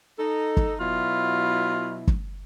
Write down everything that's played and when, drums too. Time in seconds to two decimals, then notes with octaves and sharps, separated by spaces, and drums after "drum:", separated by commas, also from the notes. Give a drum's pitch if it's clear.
0.19 D#4 A4
0.57 drum: kick
0.80 B2 F#3 E4 F4
2.07 drum: kick